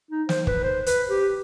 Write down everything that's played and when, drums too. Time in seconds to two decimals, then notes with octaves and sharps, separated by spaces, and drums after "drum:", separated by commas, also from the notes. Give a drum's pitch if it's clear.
0.11 D#4
0.29 C5, drum: snare
0.47 B4, drum: kick
0.63 C5
0.86 B4, drum: hi-hat
1.10 G4